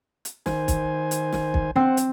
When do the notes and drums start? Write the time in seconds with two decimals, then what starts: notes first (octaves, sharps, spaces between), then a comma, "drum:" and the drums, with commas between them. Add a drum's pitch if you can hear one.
0.25 drum: hi-hat
0.46 D#3 C5 G#5, drum: snare
0.68 drum: kick, hi-hat
1.11 drum: hi-hat
1.33 drum: snare
1.54 drum: kick
1.76 C4 C5 F#5
1.97 drum: hi-hat